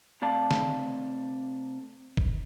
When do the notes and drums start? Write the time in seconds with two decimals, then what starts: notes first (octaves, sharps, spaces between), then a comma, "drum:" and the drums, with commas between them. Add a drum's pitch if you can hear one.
0.22 C3 A3 D5 F5 A5
0.51 drum: snare
2.17 drum: kick